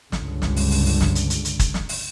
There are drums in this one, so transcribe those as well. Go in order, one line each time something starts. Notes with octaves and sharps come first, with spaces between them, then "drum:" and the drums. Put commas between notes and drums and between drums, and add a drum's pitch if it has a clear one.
C#2 G2 D3, drum: snare
drum: snare
drum: open hi-hat
drum: open hi-hat
drum: open hi-hat
drum: snare
drum: hi-hat
drum: hi-hat
drum: hi-hat
drum: kick, hi-hat
drum: snare
drum: open hi-hat